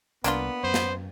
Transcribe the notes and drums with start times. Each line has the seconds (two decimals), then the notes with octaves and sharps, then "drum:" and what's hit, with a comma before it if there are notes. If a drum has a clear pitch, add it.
0.24 C2 A#3 B3 D4 F4, drum: hi-hat
0.64 F#2 C5
0.74 drum: snare